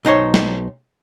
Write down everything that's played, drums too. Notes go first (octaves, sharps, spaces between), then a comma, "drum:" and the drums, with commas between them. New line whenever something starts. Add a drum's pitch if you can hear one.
B1 D#4 C5 C#5
drum: snare